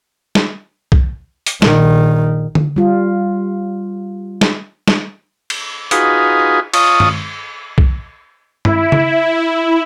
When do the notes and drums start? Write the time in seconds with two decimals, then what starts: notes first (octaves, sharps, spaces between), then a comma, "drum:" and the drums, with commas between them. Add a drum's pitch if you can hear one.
0.35 drum: snare
0.92 drum: kick
1.46 drum: hi-hat
1.62 A#1 D#3, drum: snare
2.55 drum: tom D3
2.76 G3 F4
4.41 drum: snare
4.88 drum: snare
5.50 drum: cymbal
5.91 D#4 F4 F#4 G#4 B4, drum: hi-hat
6.74 F4 C#5 D#5 A5 C#6 D#6, drum: cymbal
7.00 drum: tom G2
7.78 drum: kick
8.65 E4, drum: tom G2
8.92 drum: tom C#3